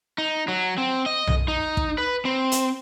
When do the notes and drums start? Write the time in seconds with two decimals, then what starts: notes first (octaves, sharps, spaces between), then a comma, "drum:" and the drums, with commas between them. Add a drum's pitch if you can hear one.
0.18 D#4
0.48 F#3
0.78 C4
1.06 D#5
1.27 drum: tom B1
1.48 D#4
1.77 drum: kick
1.98 B4
2.25 C4
2.52 drum: hi-hat